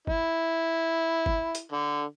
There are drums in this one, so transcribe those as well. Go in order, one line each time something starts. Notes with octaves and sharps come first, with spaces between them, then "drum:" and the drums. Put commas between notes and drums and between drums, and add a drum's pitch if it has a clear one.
E4, drum: kick G1
drum: kick G1
drum: hi-hat
D3